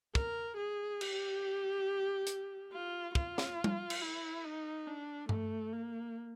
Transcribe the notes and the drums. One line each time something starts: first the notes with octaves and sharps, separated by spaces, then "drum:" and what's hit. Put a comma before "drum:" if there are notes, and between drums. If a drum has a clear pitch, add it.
A#4, drum: kick
G#4
G4, drum: cymbal
drum: hi-hat
F4
F4, drum: kick
drum: snare
drum: tom G3
drum: cymbal
E4
D#4
D4
A3, drum: tom G2
A#3